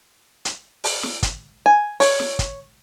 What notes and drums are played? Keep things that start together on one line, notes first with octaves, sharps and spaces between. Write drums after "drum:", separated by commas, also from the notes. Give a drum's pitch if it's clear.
drum: hi-hat
drum: open hi-hat
drum: snare
drum: kick, hi-hat
G#5
C#5, drum: open hi-hat
drum: snare
drum: kick, hi-hat